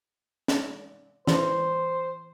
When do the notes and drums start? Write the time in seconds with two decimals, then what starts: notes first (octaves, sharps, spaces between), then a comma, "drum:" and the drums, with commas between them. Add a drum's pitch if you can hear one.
0.48 drum: snare
1.27 E3 C5, drum: snare